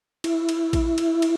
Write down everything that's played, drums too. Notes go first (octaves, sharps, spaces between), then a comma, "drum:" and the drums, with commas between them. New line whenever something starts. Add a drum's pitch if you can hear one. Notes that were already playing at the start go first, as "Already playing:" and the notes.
E4, drum: cymbal
drum: cymbal
drum: kick A1, cymbal
drum: cymbal
drum: cymbal